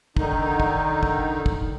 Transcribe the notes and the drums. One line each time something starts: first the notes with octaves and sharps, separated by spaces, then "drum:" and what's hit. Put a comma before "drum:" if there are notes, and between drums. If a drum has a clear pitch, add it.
D3 D#3 D#4, drum: kick
drum: kick
drum: kick
drum: kick